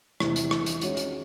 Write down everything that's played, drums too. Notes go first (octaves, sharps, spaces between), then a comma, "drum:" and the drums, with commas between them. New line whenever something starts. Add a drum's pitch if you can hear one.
E2 C3 E3 C4, drum: rim click
drum: hi-hat
drum: rim click
drum: hi-hat
D#3 G#3 C#4 F#4 C#5, drum: hi-hat
drum: hi-hat